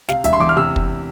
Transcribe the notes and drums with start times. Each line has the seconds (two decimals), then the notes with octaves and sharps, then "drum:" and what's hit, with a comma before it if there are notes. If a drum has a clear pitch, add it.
0.09 C3 F5, drum: snare
0.24 E1 E5, drum: hi-hat
0.33 C6
0.40 E2 D6
0.49 F6
0.56 C3 E6
0.76 drum: kick